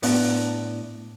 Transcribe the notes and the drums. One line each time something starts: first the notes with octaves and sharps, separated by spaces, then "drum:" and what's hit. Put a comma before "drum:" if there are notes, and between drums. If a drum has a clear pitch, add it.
A2 B3 D4, drum: open hi-hat